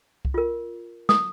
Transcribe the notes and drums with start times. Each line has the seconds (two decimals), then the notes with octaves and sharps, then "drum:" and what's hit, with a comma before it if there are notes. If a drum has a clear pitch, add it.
0.25 drum: kick C2
0.34 F4 A#4
1.09 D#6, drum: snare